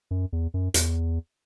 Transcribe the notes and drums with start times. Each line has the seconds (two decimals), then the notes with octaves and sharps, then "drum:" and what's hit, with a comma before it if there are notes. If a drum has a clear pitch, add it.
0.11 F#2
0.33 E2
0.54 F#2
0.74 E2, drum: hi-hat